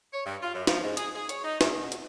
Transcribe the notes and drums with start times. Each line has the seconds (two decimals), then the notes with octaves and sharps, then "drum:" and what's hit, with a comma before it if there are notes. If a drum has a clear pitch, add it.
0.13 C#5
0.26 G2
0.43 F4
0.54 F#2
0.67 F3, drum: snare
0.84 G#2
0.97 G#4, drum: hi-hat
1.15 G#4
1.29 C#5, drum: hi-hat
1.44 D#4
1.61 E2, drum: snare
1.81 B2
1.92 drum: hi-hat